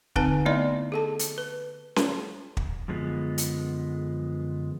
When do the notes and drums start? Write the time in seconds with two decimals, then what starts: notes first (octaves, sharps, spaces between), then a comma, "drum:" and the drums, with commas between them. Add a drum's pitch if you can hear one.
0.16 D3 C4 D#4 B4 G#5 A5, drum: kick
0.46 A3 B3 E4 D5 D#5 C6
0.92 G#4 A4 A5
1.19 drum: hi-hat
1.38 B4
1.96 drum: snare C#4
2.57 drum: kick
2.88 F#2 D3 F3 G#3 B3
3.38 drum: hi-hat